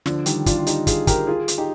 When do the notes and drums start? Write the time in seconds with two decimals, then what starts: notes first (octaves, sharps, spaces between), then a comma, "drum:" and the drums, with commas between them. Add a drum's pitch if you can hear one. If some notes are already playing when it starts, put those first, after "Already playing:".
0.06 D3 F3, drum: snare
0.26 D#3 G3, drum: hi-hat
0.46 D4 F4, drum: kick, hi-hat
0.58 F4
0.67 D#4 G4, drum: hi-hat
0.87 F4 G#4, drum: kick, hi-hat
1.07 G4 A#4, drum: kick, hi-hat
1.27 F4 G#4
1.48 drum: hi-hat
1.58 D#4 G4